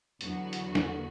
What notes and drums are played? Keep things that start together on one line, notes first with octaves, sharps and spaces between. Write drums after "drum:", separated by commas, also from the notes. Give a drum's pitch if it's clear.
E2 D3 F#3 B3 F#4, drum: hi-hat
drum: hi-hat
drum: snare